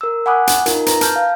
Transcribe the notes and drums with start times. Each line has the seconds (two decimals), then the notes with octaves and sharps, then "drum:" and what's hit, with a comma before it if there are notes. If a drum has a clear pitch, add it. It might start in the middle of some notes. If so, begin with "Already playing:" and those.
0.01 A#4 E6
0.26 F#5 G#5 B5 D6 D#6 F#6
0.47 drum: hi-hat
0.66 D#4 F4 A#4, drum: hi-hat
0.86 B4 A#5, drum: hi-hat
1.01 A5 F6 G6, drum: hi-hat
1.16 F5